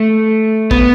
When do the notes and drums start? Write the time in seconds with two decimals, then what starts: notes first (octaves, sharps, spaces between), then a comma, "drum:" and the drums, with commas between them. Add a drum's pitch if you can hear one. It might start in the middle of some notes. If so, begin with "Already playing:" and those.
Already playing: A3
0.71 B3, drum: kick A1